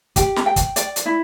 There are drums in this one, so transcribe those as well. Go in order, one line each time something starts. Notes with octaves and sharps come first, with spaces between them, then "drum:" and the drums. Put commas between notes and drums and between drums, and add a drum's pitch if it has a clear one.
G4, drum: kick, hi-hat
drum: snare
G5
drum: kick, hi-hat
D5, drum: hi-hat
drum: hi-hat
E4